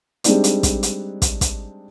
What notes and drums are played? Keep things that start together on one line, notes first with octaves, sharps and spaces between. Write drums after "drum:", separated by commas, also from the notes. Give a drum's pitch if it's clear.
G3 G#3 C4 D4 D#4 D5, drum: hi-hat
drum: hi-hat
drum: kick, hi-hat
drum: hi-hat
drum: kick, hi-hat
drum: kick, hi-hat